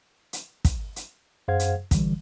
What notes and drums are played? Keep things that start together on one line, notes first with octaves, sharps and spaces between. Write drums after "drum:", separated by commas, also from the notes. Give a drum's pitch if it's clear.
drum: hi-hat
drum: kick, hi-hat
drum: hi-hat
F#2 G#4 C5 F5 F#5 G#6
drum: hi-hat
D3 E3 G3, drum: kick, hi-hat